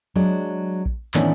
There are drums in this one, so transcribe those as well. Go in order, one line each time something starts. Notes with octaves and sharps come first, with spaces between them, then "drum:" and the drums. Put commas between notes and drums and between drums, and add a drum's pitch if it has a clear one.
F#3 G#3 D4
drum: kick A#1
A2 D#3 E3 B3 C#4 D4, drum: clap